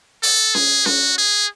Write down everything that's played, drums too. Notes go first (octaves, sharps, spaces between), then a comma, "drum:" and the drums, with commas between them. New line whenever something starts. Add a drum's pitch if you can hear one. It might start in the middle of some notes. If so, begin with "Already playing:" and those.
A4, drum: open hi-hat
G#4, drum: snare C#4
F#4, drum: snare C#4
G#4